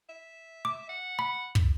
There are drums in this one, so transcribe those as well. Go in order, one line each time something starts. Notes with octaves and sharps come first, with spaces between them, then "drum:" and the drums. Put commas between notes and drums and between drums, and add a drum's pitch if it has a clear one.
E5
D6
F#5
B5
drum: kick